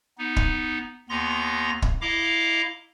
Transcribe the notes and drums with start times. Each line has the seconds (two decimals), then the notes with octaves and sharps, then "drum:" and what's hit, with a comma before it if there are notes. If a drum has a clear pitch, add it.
0.18 B3 D#4
0.36 drum: kick
1.09 D#2 B3 A#5 C6 A#6
1.82 drum: kick
2.01 E4 D#5 F5 A#5 D6